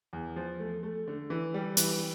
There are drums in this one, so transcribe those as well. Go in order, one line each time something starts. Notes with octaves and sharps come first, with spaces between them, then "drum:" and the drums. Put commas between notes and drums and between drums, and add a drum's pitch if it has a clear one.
E2
F3
A3
A3
D3
E3
G3
E3, drum: hi-hat